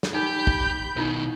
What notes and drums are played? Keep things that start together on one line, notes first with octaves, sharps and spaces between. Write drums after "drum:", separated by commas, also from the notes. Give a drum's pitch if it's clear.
drum: snare
D#4 G4 A#4 B5 G6
drum: kick
B2 D#3 D#4 E4 A#4